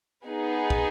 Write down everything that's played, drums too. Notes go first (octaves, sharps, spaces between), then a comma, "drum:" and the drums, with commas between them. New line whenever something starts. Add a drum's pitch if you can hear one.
B3 D#4 G#4
drum: kick